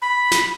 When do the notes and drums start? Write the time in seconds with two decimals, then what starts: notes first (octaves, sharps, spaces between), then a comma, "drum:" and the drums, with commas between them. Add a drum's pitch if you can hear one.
0.02 B5
0.31 drum: snare